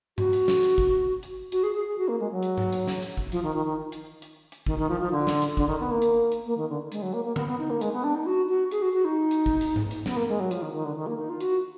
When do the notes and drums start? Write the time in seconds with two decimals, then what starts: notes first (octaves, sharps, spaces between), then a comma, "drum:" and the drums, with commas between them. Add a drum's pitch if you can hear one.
0.18 F#4, drum: tom G2
0.33 drum: hi-hat
0.48 drum: snare
0.63 drum: hi-hat
0.78 drum: kick
1.23 drum: hi-hat
1.52 F#4, drum: hi-hat
1.63 G#4
1.75 G#4
1.87 G#4
1.98 F#4
2.08 A#3
2.20 G#3
2.32 F#3
2.43 drum: hi-hat
2.58 drum: tom G#2
2.73 drum: hi-hat
2.87 drum: snare
3.02 drum: hi-hat
3.17 drum: kick
3.32 F3, drum: hi-hat
3.44 D#3
3.55 D#3
3.66 D#3
3.92 drum: hi-hat
4.22 drum: hi-hat
4.52 drum: hi-hat
4.66 D#3, drum: kick
4.79 D#3
4.89 F3
5.01 F3
5.12 D3
5.27 drum: snare
5.42 drum: hi-hat
5.57 D3, drum: kick
5.68 D#3
5.80 B3
5.91 A#3
6.02 drum: hi-hat
6.32 drum: hi-hat
6.46 A#3
6.58 D#3
6.69 D3
6.92 G#3, drum: hi-hat
7.02 F#3
7.13 A#3
7.25 A#3
7.36 B3, drum: tom
7.48 B3
7.59 D#4
7.70 A#3
7.81 G#3, drum: hi-hat
7.93 B3
8.04 D4
8.15 D#4
8.26 F#4
8.49 F#4
8.71 G#4, drum: hi-hat
8.82 F#4
8.93 F#4
9.05 D#4
9.31 drum: hi-hat
9.46 drum: kick
9.61 drum: hi-hat
9.76 drum: tom G#2
9.91 drum: hi-hat
10.06 B3, drum: snare
10.17 A#3
10.29 G#3
10.40 F#3
10.51 F3, drum: hi-hat
10.62 D#3
10.73 D#3
10.84 D3
10.96 D#3
11.07 A#3
11.19 D#4
11.30 F4
11.41 F#4, drum: hi-hat